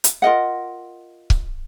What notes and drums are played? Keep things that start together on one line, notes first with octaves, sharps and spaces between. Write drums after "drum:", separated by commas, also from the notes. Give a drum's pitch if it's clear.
drum: hi-hat
F4 A#4 D#5 F#5
drum: kick C#1